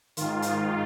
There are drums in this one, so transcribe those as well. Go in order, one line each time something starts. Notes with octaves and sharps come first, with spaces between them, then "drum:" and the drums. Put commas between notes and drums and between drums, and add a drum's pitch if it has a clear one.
G#2 D#3 F4, drum: hi-hat
drum: hi-hat